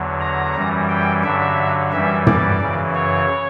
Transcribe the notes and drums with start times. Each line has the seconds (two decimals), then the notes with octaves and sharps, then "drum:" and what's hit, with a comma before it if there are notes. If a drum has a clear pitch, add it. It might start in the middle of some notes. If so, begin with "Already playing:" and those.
Already playing: E2 D3 F#3
0.20 A#5
0.55 F#2 E3 G3
0.89 G5
1.24 G2 D3 F#3 E5
1.92 F#2 E3 G3 E5
2.27 D5, drum: tom
2.61 F#2 C#3 E3
2.95 C#5